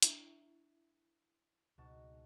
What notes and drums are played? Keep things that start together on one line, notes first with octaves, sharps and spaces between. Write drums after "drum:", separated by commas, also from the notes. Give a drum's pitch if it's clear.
D4 E4 E5 C#6, drum: hi-hat
C#2 G#2 B2 F#4 A5